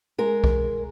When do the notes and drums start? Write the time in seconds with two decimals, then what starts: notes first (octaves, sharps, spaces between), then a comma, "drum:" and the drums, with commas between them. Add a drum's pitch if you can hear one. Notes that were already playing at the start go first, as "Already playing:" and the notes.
0.18 G#3 A#4
0.44 drum: kick